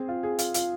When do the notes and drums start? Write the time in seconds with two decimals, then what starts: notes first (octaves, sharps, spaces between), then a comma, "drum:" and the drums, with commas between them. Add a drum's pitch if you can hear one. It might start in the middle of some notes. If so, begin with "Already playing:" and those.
Already playing: C4 G#4
0.08 F4
0.23 G#4
0.38 F4, drum: hi-hat
0.54 F4, drum: hi-hat